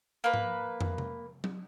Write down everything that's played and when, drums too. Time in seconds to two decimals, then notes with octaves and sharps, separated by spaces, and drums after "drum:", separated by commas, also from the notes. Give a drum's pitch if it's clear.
0.24 A#3 B4
0.34 drum: tom G#2
0.81 drum: tom
0.98 drum: tom C3
1.44 drum: tom F#3